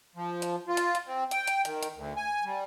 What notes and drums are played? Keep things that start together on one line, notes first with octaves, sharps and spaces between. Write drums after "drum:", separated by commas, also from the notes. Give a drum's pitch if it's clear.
F3
drum: hi-hat
F4
drum: hi-hat
drum: hi-hat
C4
G5, drum: hi-hat
drum: hi-hat
D#3, drum: hi-hat
drum: hi-hat
D2
G#5
G3